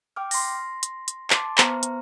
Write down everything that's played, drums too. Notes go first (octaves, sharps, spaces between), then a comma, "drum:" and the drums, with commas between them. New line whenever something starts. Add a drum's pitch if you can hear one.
G5 D6 F6
C6 A#6, drum: open hi-hat
drum: hi-hat
drum: hi-hat
A5 C6 D6, drum: clap
B3 B4 C5 A#5 F6, drum: clap
drum: hi-hat